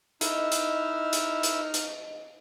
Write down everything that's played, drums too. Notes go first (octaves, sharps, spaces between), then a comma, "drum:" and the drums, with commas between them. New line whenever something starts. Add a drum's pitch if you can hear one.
D#4 E4 D#5 F6, drum: hi-hat
drum: hi-hat
drum: hi-hat
drum: hi-hat
drum: hi-hat